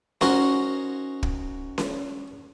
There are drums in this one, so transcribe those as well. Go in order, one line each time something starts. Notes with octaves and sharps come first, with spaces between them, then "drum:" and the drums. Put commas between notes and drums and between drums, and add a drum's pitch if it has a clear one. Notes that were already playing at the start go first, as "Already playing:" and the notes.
C#4 D#4 F#4 A#4 C5 D#5, drum: snare C#4
drum: kick
drum: snare C#4